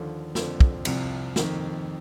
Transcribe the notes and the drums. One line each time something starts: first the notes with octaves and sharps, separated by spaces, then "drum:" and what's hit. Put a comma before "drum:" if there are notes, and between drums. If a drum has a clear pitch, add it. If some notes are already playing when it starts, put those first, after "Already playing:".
Already playing: D#2 D3 F3
F2 D3 F3, drum: snare
drum: kick
C2 C3 F3, drum: cymbal
F2 D#3, drum: snare